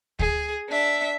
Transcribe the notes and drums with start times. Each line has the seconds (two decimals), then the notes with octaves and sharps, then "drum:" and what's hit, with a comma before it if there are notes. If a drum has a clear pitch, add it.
0.19 G#4, drum: kick D2
0.69 D4 E5